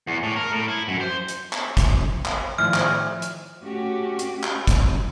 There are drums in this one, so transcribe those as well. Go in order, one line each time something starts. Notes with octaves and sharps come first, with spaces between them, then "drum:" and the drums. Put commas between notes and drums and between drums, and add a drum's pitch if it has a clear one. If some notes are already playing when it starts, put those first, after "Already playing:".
E2
A2
A#4
A2
E4
F#2
C5
drum: hi-hat
drum: clap
drum: kick, hi-hat
drum: clap
A2 D#3 F3 A3 D5 E5 G#5 F6
drum: clap
drum: hi-hat
A3 C#4 F#4 G4
drum: hi-hat
drum: clap
drum: kick, hi-hat